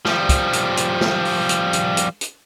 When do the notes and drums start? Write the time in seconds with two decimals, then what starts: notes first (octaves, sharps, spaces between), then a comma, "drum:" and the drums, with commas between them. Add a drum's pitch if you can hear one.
0.05 F3 G3, drum: snare
0.29 drum: kick, hi-hat
0.53 drum: hi-hat
0.77 drum: hi-hat
1.01 drum: snare
1.25 drum: open hi-hat
1.49 drum: hi-hat
1.73 drum: hi-hat
1.97 drum: hi-hat
2.21 drum: hi-hat